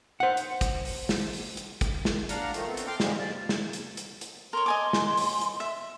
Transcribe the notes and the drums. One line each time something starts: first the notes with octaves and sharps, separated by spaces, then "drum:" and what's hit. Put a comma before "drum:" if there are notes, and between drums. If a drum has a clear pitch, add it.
C5 F#5
drum: hi-hat
drum: kick, hi-hat
drum: open hi-hat
drum: snare
drum: open hi-hat
drum: hi-hat
drum: kick, hi-hat
drum: snare
D4 F5 F#5 A#5, drum: hi-hat
D#3 F3 A3, drum: hi-hat
A3 B3 C4
drum: hi-hat
G5 C6 D6 F6
G#2 F3 G3 G#3, drum: snare
G3 D5
drum: snare
drum: hi-hat
drum: hi-hat
drum: hi-hat
A#4 C#5 C6
D#5 G#5 D6
drum: snare
drum: open hi-hat
drum: hi-hat
E5